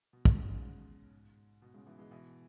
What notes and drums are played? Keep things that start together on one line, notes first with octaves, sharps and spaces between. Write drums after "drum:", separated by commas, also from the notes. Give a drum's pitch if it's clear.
B2
B2, drum: kick
G#2 C#3
G#2 C#3
G#2
B2
G#2 C#3
B2 E3
E3 G#3
B2 E3